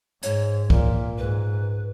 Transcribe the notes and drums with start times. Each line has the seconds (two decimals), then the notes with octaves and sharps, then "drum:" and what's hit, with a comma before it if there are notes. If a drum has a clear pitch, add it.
0.23 G#2 C#5, drum: hi-hat
0.70 A#2 A#4, drum: kick C2
1.18 G#2 B4